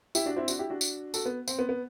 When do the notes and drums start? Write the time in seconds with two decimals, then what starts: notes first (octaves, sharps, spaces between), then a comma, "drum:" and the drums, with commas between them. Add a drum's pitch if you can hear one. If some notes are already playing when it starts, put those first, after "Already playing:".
0.15 E4 G4, drum: tambourine
0.26 D4 F#4
0.36 C4 E4
0.48 D4 F#4, drum: tambourine
0.59 E4 G4
0.70 D4 F#4
0.81 drum: tambourine
1.14 F#4 A4, drum: tambourine
1.26 B3
1.48 C4, drum: tambourine
1.59 B3
1.69 B3